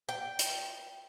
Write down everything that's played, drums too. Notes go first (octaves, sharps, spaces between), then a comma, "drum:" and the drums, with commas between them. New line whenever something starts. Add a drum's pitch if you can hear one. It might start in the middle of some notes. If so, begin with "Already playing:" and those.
G5
drum: hi-hat